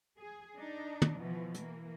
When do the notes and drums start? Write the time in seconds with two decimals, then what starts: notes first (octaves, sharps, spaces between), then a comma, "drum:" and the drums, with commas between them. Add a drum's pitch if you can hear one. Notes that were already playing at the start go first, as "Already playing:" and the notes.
0.18 G#4
0.56 D4 D#4
1.02 drum: tom
1.17 B2 E3 F3
1.54 E3 A#3, drum: hi-hat